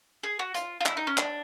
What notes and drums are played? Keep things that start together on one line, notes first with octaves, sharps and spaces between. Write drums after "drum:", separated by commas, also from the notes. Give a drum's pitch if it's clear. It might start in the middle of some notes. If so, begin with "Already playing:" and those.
G#4
F#4
F4, drum: hi-hat
F4
E4, drum: clap
D#4
C#4
D4, drum: clap